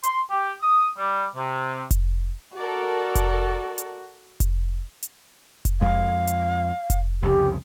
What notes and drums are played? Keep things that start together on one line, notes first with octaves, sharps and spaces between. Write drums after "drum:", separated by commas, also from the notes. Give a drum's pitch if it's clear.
C6, drum: hi-hat
G4
D#6
G3
C3
drum: kick F1, hi-hat
F#4 A4 A#4 D5
drum: kick F1, hi-hat
drum: hi-hat
drum: kick F1, hi-hat
drum: hi-hat
drum: kick F1, hi-hat
F2 G#3 F5
drum: hi-hat
drum: kick F1, hi-hat
C2 F2 C#3 G4